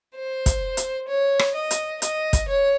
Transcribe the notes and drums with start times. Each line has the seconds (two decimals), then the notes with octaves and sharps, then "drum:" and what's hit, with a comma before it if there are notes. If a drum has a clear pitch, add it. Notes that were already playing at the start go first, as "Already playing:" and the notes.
0.14 C5
0.46 drum: kick, hi-hat
0.77 drum: hi-hat
1.08 C#5
1.39 drum: rim click
1.55 D#5
1.71 drum: hi-hat
2.02 D#5, drum: hi-hat
2.33 drum: kick, hi-hat
2.48 C#5